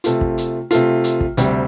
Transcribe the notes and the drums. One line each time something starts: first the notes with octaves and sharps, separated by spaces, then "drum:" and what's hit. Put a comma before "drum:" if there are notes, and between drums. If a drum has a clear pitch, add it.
C3 A3 F4, drum: hi-hat
drum: kick
drum: hi-hat
C3 A3 F4, drum: hi-hat
drum: hi-hat
drum: kick
D2 C3 G3, drum: hi-hat